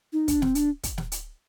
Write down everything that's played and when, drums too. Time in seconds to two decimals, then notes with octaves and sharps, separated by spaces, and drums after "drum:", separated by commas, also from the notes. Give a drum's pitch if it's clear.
0.13 D#4
0.28 D4, drum: kick, hi-hat
0.42 C4, drum: snare
0.55 D4, drum: hi-hat
0.83 drum: kick, hi-hat
0.98 drum: snare
1.12 drum: hi-hat